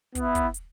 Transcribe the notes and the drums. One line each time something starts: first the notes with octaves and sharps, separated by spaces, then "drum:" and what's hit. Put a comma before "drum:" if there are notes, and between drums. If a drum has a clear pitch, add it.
B3, drum: kick, hi-hat
E4
drum: kick, hi-hat
drum: hi-hat